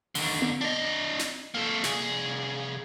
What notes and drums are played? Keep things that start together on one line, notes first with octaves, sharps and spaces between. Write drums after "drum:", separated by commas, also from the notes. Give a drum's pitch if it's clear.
D#2 D3, drum: open hi-hat
drum: tom B3
D4 D#5
drum: snare
A#3 A4
C2 G#4, drum: snare